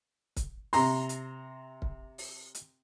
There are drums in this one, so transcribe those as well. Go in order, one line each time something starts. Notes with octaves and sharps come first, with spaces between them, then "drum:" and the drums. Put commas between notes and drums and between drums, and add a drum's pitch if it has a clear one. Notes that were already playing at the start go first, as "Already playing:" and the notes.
drum: kick, hi-hat
C3 A#5 C6, drum: open hi-hat
drum: hi-hat
drum: kick
drum: open hi-hat
drum: hi-hat